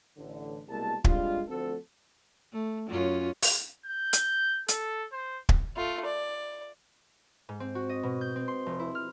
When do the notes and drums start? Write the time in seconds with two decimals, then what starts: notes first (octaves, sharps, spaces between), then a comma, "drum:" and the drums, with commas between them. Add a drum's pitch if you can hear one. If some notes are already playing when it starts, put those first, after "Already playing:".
0.17 A1 D3
0.69 C2 B2 G#3 A#3 A5
1.04 G3 G#3 C4 D4 F4, drum: kick
1.48 D2 F3 A3 C4 F#4 A4
2.53 A3
2.88 F#2 C#4 F4
3.42 drum: open hi-hat
3.86 G6
4.13 drum: hi-hat
4.68 A4, drum: hi-hat
5.13 C5
5.49 drum: kick
5.76 A3 F4
6.05 D5
7.49 G#2
7.60 C4
7.75 F#4
7.89 D#5
8.03 B2
8.21 G6
8.36 C4
8.48 C6
8.66 F1
8.79 E4
8.95 F6